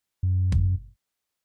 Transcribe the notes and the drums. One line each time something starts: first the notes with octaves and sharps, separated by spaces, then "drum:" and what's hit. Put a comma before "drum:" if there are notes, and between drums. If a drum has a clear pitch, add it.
F#2
drum: kick